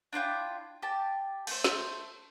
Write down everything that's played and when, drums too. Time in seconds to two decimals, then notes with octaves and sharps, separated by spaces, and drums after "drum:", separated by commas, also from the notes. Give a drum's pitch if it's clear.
0.13 D4 E4 F4 G5
0.83 G4 A5
1.47 A3 C5, drum: cymbal
1.64 drum: snare